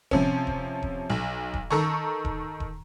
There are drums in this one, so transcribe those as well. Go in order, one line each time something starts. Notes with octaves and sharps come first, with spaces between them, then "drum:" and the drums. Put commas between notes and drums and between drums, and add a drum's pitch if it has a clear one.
C3 F3 C#4, drum: kick D#1
drum: kick D#1
drum: kick D#1
B1
drum: kick D#1
D#3 A4 A#5 C#6, drum: snare
drum: kick D#1
drum: kick D#1